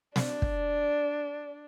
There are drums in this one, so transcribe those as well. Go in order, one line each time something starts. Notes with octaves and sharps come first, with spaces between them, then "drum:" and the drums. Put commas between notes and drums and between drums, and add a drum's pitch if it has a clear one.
D4, drum: snare
drum: kick